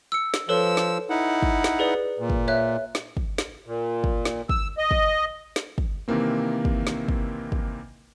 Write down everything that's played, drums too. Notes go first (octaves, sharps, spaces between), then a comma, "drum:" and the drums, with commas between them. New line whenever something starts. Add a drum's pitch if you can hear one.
E6 C#7
drum: snare
F3 A4 B4 C#5 E6
drum: snare
D#4 E4 F#5
drum: kick
drum: snare
G#4 B4 D5
A#2
drum: kick
C#5 E5 F#6
drum: snare
drum: kick
drum: snare
A#2
drum: kick
drum: snare
E6, drum: kick
D#5
drum: kick
drum: snare
drum: kick
C3 D#3 E3 A#3 C4
drum: kick
drum: snare
drum: kick
drum: kick